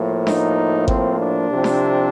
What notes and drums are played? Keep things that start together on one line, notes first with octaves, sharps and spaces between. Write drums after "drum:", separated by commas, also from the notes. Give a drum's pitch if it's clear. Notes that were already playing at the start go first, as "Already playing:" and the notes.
Already playing: A2 F3 A#3
D#4, drum: snare D4
C4, drum: kick G#1
D4
C2 C3 F3 C4
drum: snare D4